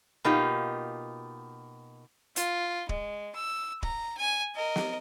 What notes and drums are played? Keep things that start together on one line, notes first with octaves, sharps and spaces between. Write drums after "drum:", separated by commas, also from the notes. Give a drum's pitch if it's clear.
B2 A#3 D#4 F4 G4
F4, drum: hi-hat
G#3, drum: kick D1
E6
A#5, drum: kick D1
G#5
A#4 D#5
drum: snare